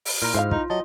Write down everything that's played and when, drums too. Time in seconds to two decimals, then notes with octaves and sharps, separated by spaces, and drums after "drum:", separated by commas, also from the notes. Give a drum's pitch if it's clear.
0.05 drum: open hi-hat
0.22 A#2 E4 F4 A#5 F6
0.34 G#2 C5 E5 F5
0.51 D#4 F4, drum: kick
0.70 F#3 D#5 A5